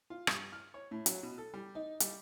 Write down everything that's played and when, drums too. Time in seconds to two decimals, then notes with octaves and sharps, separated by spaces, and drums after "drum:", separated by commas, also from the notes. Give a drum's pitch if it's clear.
0.10 F4
0.27 G2, drum: rim click
0.52 F6
0.74 C#5
0.91 A2
1.06 F#3, drum: hi-hat
1.23 B2
1.38 A4
1.54 G3
1.75 D#4
2.00 G3, drum: hi-hat